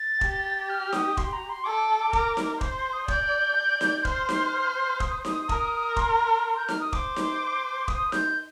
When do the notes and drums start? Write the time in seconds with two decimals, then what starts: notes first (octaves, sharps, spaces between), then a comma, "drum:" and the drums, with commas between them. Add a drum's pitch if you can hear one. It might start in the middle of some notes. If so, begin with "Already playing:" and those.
Already playing: A6
0.21 G4, drum: kick E1
0.69 F6
0.93 D#6, drum: snare D#4
1.17 C6, drum: kick E1
1.33 A#5
1.50 C6
1.64 A4 D6
2.13 A#4, drum: kick E1
2.37 drum: snare D#4
2.61 C5, drum: kick E1
2.93 D#6
3.08 D5 G6, drum: kick E1
3.57 D5
3.81 drum: snare D#4
4.01 G6
4.05 C5 F6, drum: kick E1
4.29 drum: snare D#4
5.00 D#6, drum: kick E1
5.25 drum: snare D#4
5.49 A#4, drum: kick E1
5.96 C6, drum: kick E1
6.07 A#5
6.16 C6
6.57 G6
6.69 F6, drum: snare D#4
6.80 D#6
6.93 C5 D6, drum: kick E1
7.16 drum: snare D#4
7.88 D#6, drum: kick E1
8.12 G6, drum: snare D#4